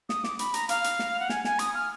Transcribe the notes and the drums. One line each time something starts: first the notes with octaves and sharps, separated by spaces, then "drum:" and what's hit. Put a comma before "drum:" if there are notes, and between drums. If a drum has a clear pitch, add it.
D#6, drum: snare
D6, drum: snare
B5, drum: hi-hat
A#5, drum: hi-hat
F5, drum: hi-hat
drum: hi-hat
drum: snare
F#5
G#5, drum: snare
G#5, drum: snare
D#6, drum: hi-hat
F6